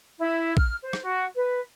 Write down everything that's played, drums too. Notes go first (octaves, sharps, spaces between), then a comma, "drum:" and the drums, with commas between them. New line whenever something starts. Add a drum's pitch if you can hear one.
E4
F6, drum: kick A#1
C5
drum: rim click
F#4
B4